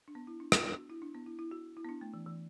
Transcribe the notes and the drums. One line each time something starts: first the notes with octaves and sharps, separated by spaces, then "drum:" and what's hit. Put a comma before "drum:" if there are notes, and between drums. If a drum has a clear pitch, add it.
D4
B3
E4
D4
B3, drum: rim click
D4
F#4
E4
D4
B3
E4
E4
F#4
E4
B3
D4
A3
E3
E3